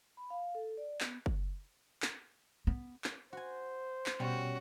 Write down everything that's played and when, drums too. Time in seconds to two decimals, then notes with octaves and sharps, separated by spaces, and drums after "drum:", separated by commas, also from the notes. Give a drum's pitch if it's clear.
0.17 B5
0.30 F5
0.55 A4
0.77 D5
1.00 B3, drum: clap
1.26 drum: kick F#1
2.02 drum: clap
2.67 B3
3.04 drum: clap
3.33 F#4 C5 G#5
4.06 drum: clap
4.20 B2 G3 C#4 F#4